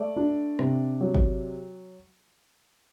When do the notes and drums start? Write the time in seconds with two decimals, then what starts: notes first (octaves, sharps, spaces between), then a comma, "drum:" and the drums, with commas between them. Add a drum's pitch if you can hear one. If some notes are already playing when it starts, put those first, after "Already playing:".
Already playing: A3 D5
0.16 D4
0.59 C3, drum: rim click
1.01 F#3
1.15 drum: kick G#1